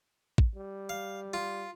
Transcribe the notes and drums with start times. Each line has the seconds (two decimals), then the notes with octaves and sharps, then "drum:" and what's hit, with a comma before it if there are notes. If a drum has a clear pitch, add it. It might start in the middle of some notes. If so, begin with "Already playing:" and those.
0.38 drum: kick
0.56 G3
0.89 F5
1.34 F4